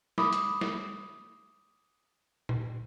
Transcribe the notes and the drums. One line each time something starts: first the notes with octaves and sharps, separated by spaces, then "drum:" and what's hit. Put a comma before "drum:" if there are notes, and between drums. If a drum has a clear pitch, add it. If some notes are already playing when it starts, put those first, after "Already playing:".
B5 D6 D#6, drum: snare
drum: hi-hat
drum: snare
drum: tom A#2